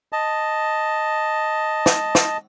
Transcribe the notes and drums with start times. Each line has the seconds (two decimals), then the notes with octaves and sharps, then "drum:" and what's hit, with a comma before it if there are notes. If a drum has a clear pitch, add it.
0.13 D#5 A5
1.86 drum: snare
2.15 drum: snare